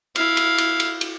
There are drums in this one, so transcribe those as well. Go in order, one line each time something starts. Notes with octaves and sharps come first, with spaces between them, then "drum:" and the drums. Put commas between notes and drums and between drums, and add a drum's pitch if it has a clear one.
E4 F5, drum: cymbal
drum: cymbal
drum: cymbal
drum: cymbal
drum: cymbal